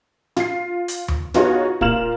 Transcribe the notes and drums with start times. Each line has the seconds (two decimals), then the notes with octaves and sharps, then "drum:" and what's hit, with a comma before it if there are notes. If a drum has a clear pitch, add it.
0.36 F4 C7, drum: snare
0.88 drum: hi-hat
1.08 drum: tom D#2
1.34 B3 D#4 F4 F#4 G#4 C#5, drum: snare
1.81 A#2 A#4 F5 F6 E7 F#7, drum: kick